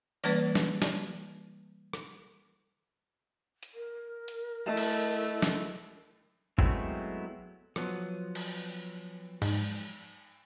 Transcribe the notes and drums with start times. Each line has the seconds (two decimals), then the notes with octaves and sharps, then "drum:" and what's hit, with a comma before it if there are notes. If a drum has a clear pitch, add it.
0.24 E3 G3 A#3 C#4 B4 D5, drum: open hi-hat
0.55 drum: snare
0.82 drum: snare
1.93 drum: rim click
3.63 drum: hi-hat
3.74 A#4
4.28 drum: hi-hat
4.66 A3 E4 A4 D#5 E5
4.77 drum: cymbal
5.42 drum: snare
6.59 F#3 G#3 A3 B3 C4 E4, drum: kick
7.76 F3 F#3 B3, drum: rim click
8.35 drum: cymbal
9.42 G#2, drum: cymbal